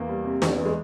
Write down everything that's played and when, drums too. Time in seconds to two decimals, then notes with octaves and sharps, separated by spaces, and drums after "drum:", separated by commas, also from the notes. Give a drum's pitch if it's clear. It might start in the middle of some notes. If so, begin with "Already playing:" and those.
Already playing: E2 A#3
0.09 G3
0.25 C3
0.42 E2, drum: snare
0.58 E3
0.65 G#3